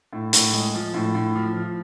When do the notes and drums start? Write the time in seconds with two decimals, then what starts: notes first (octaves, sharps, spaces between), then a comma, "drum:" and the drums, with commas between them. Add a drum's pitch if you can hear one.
0.13 A2
0.33 A2, drum: hi-hat
0.53 G#3
0.74 F3
0.94 A2
1.15 A2
1.35 F3
1.57 F3